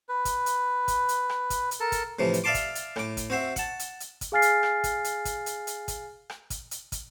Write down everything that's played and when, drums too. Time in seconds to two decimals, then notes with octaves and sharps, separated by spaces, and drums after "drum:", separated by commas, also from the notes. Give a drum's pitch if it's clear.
0.09 B4
0.25 drum: kick, hi-hat
0.46 drum: hi-hat
0.88 drum: kick, hi-hat
1.09 drum: hi-hat
1.29 drum: rim click
1.50 drum: kick, hi-hat
1.71 drum: hi-hat
1.80 A4 A#4 A5
1.92 drum: kick, hi-hat
2.19 A2 C3 E3 F3
2.34 drum: hi-hat
2.44 D5 E5 F5 A5 C6 D6
2.54 drum: kick, hi-hat
2.75 drum: hi-hat
2.96 A2 D6, drum: rim click
3.17 drum: kick, hi-hat
3.30 C4 F#4 C5 E5
3.56 F#5 A5, drum: kick, hi-hat
3.79 drum: hi-hat
4.00 drum: hi-hat
4.21 drum: kick, hi-hat
4.32 G#4 F5 G#5 F6 A6 C7
4.42 drum: hi-hat
4.63 drum: rim click
4.84 drum: kick, hi-hat
5.04 drum: hi-hat
5.25 drum: kick, hi-hat
5.46 drum: hi-hat
5.67 drum: hi-hat
5.88 drum: kick, hi-hat
6.30 drum: rim click
6.50 drum: kick, hi-hat
6.71 drum: hi-hat
6.92 drum: kick, hi-hat